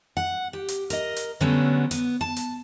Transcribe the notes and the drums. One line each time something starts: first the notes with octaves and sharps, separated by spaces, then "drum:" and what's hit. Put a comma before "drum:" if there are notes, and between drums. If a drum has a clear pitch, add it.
F#5
G4
drum: hi-hat
A#4 D#5, drum: hi-hat
drum: hi-hat
D3 F#3 G3 A3 B3 C#4
B3, drum: hi-hat
A5
drum: hi-hat